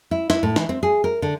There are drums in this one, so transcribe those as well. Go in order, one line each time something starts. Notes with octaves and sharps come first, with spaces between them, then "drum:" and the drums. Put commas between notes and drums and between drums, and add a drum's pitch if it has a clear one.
E4
E4, drum: snare
A2
E3, drum: snare
C4
G#4
A#4
D3